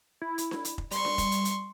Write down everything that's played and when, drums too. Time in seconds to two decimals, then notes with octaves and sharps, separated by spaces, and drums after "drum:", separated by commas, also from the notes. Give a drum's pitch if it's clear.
0.22 E4
0.38 drum: hi-hat
0.51 drum: snare D4
0.65 drum: hi-hat
0.78 drum: kick F1
0.91 G3 C6 C#6, drum: hi-hat
1.05 drum: snare D4
1.18 drum: kick F1, hi-hat
1.31 drum: hi-hat
1.45 drum: hi-hat